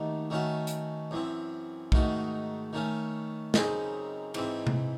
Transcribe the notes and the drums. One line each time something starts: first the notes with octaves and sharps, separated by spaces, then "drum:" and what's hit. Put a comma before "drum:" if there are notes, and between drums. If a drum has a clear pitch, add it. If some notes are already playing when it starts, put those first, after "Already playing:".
Already playing: D#2 D#3 A3 D#4 F#4
D#3 A3 C#4 F#4
drum: hi-hat
F#2 E3 C4
G#2 D#3 A3 D#4 F#4, drum: kick
D#3 A3 C#4
F#2 C#3 G#3 C4 D#4, drum: snare
G#2 E3 C4, drum: cymbal
drum: tom C3